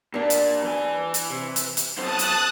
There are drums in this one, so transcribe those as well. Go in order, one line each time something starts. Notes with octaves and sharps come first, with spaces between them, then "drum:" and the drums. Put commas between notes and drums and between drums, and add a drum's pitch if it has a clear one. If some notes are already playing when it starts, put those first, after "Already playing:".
A#2 G3 A#3 D4
drum: hi-hat
E3 G#5
drum: hi-hat
C3
drum: hi-hat
drum: hi-hat
F#2 C4 C5 A5 D#6 F#6
drum: hi-hat